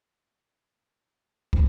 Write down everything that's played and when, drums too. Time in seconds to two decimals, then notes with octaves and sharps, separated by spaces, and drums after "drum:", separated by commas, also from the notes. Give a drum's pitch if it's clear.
0.17 A2 D5
0.37 F3 A#3
0.57 A2
0.78 F3 A#3
0.98 A2 D5
1.19 F3 A#3
1.39 A2
1.53 drum: kick